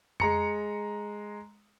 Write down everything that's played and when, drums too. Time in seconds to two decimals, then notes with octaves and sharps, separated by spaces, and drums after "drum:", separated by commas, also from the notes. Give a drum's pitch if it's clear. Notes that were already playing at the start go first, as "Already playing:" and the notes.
0.20 G#3 A#5 C#7, drum: tom F2